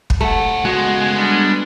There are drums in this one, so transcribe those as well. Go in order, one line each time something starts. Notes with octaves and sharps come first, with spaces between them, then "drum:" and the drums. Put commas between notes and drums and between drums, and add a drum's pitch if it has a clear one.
drum: kick
A#2 A3 F#5
C#3 G#3 B3 F#4
G3 B3 D4